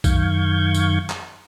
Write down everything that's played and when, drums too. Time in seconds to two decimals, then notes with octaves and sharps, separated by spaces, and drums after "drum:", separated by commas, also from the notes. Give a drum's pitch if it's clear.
0.04 F#2 D#3 F5 C#6 G6 G#6, drum: kick B1, tambourine
0.74 drum: tambourine
1.10 drum: clap